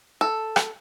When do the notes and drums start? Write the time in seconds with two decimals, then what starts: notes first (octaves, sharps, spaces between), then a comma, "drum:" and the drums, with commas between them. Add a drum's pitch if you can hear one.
0.21 A4
0.56 drum: rim click